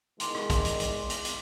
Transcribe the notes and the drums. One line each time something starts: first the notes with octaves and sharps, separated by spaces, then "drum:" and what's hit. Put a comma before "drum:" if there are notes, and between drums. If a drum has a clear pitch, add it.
E2 D#3 G#3 C6 D6, drum: hi-hat
drum: rim click
drum: kick, hi-hat
drum: hi-hat
drum: hi-hat
drum: hi-hat
drum: hi-hat